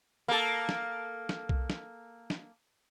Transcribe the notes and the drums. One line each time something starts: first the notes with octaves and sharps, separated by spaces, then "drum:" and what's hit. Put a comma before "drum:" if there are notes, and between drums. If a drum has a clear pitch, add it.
A#3 A4
drum: snare
drum: snare
drum: kick B1
drum: snare
drum: snare